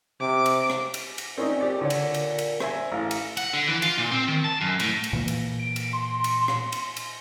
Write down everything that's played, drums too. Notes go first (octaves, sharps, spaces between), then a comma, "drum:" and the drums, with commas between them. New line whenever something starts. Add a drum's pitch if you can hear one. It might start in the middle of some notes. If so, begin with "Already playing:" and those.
C3 D6
drum: cymbal
drum: rim click
drum: cymbal
drum: cymbal
A#2 C4 C#4 D#4
G4 D5
D3 C#5
drum: cymbal
drum: cymbal
drum: cymbal
C5 E5 G#5, drum: rim click
A1 F5
drum: cymbal
F#5, drum: cymbal
D3
E3
F4, drum: cymbal
A#2
C4
D#3
A5
F#2
A2, drum: cymbal
drum: cymbal
A#2 E3 A#3
drum: cymbal
D7
drum: cymbal
C6
drum: cymbal
drum: rim click
drum: cymbal
drum: cymbal